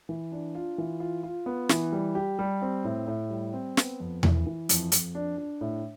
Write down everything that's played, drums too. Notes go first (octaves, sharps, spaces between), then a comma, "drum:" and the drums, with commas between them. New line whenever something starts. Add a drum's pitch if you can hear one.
E3
D4
F4
E3
F4
F4
B3
E3, drum: snare
G3
G4
G3
C4
A2
A2
G3
C4
B3, drum: snare
F2
E3, drum: tom E2
E3
F2, drum: hi-hat
F2, drum: hi-hat
D4
D4
A2